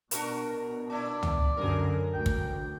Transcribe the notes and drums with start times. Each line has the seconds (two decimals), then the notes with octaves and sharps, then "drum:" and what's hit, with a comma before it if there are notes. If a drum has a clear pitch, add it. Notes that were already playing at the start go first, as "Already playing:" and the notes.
0.11 B2 D4 F#4 A#4, drum: hi-hat
0.90 D4 E4 D5
1.23 drum: tom
1.57 F#2 D3 G#4 A#4
2.14 D2 G5
2.26 drum: kick